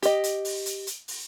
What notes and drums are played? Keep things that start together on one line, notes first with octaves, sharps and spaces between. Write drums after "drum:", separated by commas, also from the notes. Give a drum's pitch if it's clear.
G4 D#5, drum: hi-hat
drum: hi-hat
drum: open hi-hat
drum: hi-hat
drum: hi-hat
drum: open hi-hat